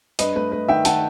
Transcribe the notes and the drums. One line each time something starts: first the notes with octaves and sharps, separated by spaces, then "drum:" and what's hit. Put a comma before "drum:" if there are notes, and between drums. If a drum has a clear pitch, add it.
G2 B4 D#5, drum: hi-hat
A3 B4
A3 B4
D#3 E5 G5
D#3 F#5 A5, drum: hi-hat